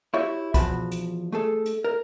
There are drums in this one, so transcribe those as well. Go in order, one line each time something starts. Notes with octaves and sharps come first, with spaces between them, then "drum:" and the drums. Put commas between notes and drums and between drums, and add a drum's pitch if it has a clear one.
E4 F#4 G4 C#5 E5
E2 F3 F#4 A5 B5, drum: kick C2, hi-hat
drum: hi-hat
A3 G#4 A4
drum: hi-hat
A#4